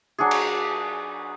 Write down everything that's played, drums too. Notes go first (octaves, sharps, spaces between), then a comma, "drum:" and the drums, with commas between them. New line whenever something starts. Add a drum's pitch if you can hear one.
F#3 D4 F#4 G#4
drum: cymbal